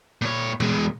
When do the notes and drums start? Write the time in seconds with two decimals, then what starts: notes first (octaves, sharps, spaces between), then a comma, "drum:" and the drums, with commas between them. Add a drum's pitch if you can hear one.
0.22 A#2 C#5
0.60 E2 G#3, drum: tom A#2